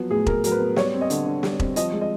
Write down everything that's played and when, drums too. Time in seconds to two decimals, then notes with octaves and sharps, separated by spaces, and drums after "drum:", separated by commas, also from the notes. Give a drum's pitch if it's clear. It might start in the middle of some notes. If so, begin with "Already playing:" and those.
Already playing: F3 F#3 B3
0.10 A2 G#4
0.26 A2 A#4, drum: kick E1
0.44 F#3 A#4, drum: hi-hat
0.52 B4
0.60 B3
0.76 G3 C#5, drum: snare
0.94 C4
1.01 D#5
1.10 D3, drum: hi-hat
1.26 D3
1.43 G3, drum: snare
1.60 C4, drum: kick E1
1.76 F3 D#5, drum: hi-hat
1.93 G#3
2.01 D#5